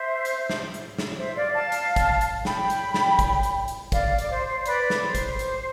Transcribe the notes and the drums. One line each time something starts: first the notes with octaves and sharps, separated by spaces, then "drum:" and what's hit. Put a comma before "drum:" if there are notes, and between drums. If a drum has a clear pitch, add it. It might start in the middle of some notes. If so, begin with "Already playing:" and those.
Already playing: C5 E5
drum: hi-hat
drum: snare
drum: hi-hat
drum: snare
C5 E5
D5 F5
F5 A5
drum: hi-hat
drum: kick, hi-hat
drum: hi-hat
G5 B5, drum: snare
drum: hi-hat
drum: snare
drum: kick, hi-hat
drum: hi-hat
drum: hi-hat
D5 F5, drum: kick, hi-hat
D5, drum: hi-hat
C5
C5
C5
B4 D5, drum: hi-hat
drum: snare
C5
drum: kick, hi-hat
drum: hi-hat